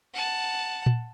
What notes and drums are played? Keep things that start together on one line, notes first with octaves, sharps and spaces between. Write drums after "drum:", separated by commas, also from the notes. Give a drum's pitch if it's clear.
F#5 A5
drum: tom A#2